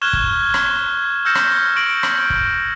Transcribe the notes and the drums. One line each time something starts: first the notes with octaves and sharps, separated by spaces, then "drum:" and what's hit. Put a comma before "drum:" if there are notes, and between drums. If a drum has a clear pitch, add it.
C#6 F6 F#6 G#6 E7 G7
drum: kick
drum: rim click
E6 F6 G6 A#6 C#7 E7
drum: rim click
C#6 A#6 D7 F#7
drum: rim click
drum: kick